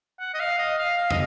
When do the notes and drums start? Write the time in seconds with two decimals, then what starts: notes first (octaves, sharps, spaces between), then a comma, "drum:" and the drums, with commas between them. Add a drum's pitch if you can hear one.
0.20 F#5
0.34 D#5
0.39 F5
0.58 D#5
0.78 F5
0.98 F5
1.11 D#5, drum: tom